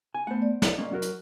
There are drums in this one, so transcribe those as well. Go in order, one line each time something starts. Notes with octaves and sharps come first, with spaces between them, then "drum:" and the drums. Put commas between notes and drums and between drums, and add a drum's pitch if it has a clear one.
G#5
A3 B3 C5 F#5
D5
drum: snare
G#3 A#3 C#4
F#3 F#4 A#4
drum: hi-hat